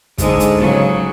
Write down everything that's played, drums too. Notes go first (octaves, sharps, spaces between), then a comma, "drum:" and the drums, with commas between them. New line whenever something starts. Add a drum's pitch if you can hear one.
G#2 D3 G#3, drum: kick, hi-hat
drum: hi-hat
C#3 F#3